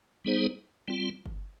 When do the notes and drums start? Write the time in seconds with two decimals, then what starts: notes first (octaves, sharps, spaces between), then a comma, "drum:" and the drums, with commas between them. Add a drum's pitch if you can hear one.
0.25 G3 B3 D#4 G#4 C5
0.88 G3 C4 F4
1.26 drum: kick